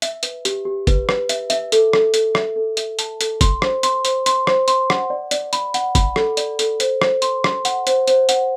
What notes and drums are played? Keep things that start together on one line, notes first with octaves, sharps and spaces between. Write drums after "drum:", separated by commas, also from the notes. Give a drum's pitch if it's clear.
E5, drum: hi-hat
B4, drum: hi-hat
G4, drum: hi-hat
G4
B4, drum: kick, hi-hat
B4, drum: rim click
E5, drum: hi-hat
E5, drum: hi-hat
A4, drum: hi-hat
A4, drum: rim click
A4, drum: hi-hat
E5, drum: rim click
A4
E5, drum: hi-hat
A5, drum: hi-hat
A4, drum: hi-hat
C6, drum: kick, hi-hat
C5, drum: rim click
C6, drum: hi-hat
C5, drum: hi-hat
C6, drum: hi-hat
C5, drum: rim click
C6, drum: hi-hat
F#5, drum: rim click
D5
D5, drum: hi-hat
B5, drum: hi-hat
F#5, drum: hi-hat
B5, drum: kick, hi-hat
A4, drum: rim click
D5, drum: hi-hat
A4, drum: hi-hat
C5, drum: hi-hat
C5, drum: rim click
C6, drum: hi-hat
C6, drum: rim click
F#5, drum: hi-hat
C5, drum: hi-hat
C5, drum: hi-hat
F#5, drum: hi-hat